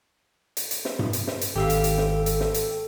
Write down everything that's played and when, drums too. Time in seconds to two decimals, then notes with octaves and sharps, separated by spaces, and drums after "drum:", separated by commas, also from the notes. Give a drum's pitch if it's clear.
0.57 drum: hi-hat
0.71 drum: hi-hat
0.85 drum: snare
0.99 drum: tom G2
1.13 drum: hi-hat
1.27 drum: snare
1.41 drum: hi-hat
1.56 G#1 G4 A4 E5 F5
1.70 drum: hi-hat
1.84 drum: hi-hat
1.98 drum: snare
2.26 drum: hi-hat
2.40 drum: snare
2.54 drum: hi-hat